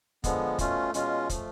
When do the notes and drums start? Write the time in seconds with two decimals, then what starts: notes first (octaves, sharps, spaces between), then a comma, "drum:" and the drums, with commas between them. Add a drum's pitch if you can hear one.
0.24 D3 F3 G#3 B3, drum: kick, hi-hat
0.58 B2 A3 C#4 F4, drum: kick, hi-hat
0.94 B2 G#3 C#4 F4, drum: hi-hat
1.29 F3 A3, drum: kick, hi-hat